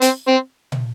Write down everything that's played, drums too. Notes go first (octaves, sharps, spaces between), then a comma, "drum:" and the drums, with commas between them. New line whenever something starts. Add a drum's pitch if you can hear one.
C4, drum: hi-hat
C4
drum: tom